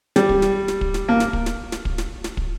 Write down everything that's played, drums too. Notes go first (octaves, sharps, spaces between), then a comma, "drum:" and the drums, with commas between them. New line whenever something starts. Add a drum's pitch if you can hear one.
G3, drum: snare
drum: kick
drum: snare
drum: snare
drum: kick
drum: snare
A#3
drum: snare
drum: kick
drum: snare
drum: snare
drum: kick
drum: snare
drum: snare
drum: kick